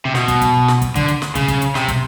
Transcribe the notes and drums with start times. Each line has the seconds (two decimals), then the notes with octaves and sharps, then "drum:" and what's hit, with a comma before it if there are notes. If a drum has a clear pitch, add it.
0.05 C3
0.15 B2, drum: snare
0.28 drum: kick, hi-hat
0.42 drum: kick, hi-hat
0.68 drum: snare
0.82 drum: kick, hi-hat
0.96 D3, drum: kick, hi-hat
1.08 drum: hi-hat
1.22 drum: snare
1.35 C#3, drum: kick, hi-hat
1.48 drum: kick, hi-hat
1.62 drum: hi-hat
1.75 C3, drum: snare
1.88 drum: kick, hi-hat